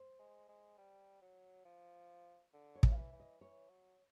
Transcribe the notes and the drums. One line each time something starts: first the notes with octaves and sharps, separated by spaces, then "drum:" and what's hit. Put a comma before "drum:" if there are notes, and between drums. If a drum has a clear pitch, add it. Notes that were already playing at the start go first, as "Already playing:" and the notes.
Already playing: C5
G#3
G#3
G3
F#3
F3
D3
C#5
E3, drum: kick
F5
E5
E3
D#5
E3 C#5
F#3